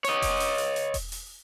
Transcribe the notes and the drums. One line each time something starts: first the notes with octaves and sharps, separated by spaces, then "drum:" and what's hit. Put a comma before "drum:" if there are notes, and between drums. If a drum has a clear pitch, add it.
C#5 D#5, drum: hi-hat
drum: kick E1, open hi-hat
drum: open hi-hat
drum: hi-hat
drum: hi-hat
drum: kick E1, open hi-hat
drum: open hi-hat